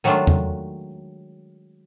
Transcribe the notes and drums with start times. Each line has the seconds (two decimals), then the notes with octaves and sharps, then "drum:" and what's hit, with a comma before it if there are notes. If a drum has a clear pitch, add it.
0.04 D#3 F#3 G#3 A3 D4 F4, drum: hi-hat
0.27 drum: tom E2